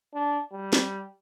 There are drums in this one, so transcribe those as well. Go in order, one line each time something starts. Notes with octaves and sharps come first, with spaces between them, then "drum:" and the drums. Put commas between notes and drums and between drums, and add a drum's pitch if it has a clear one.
D4
G3
drum: snare